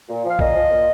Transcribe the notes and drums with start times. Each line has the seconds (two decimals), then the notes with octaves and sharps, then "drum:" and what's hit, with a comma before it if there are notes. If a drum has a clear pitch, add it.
0.09 A#2
0.24 F3
0.29 F5
0.39 A#2 D#5, drum: kick A#1
0.55 F3
0.70 A#2